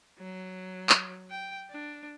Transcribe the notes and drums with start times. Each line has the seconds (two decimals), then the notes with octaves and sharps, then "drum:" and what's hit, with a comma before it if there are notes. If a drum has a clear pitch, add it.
0.19 F#3
0.89 drum: clap
1.30 G5
1.70 D4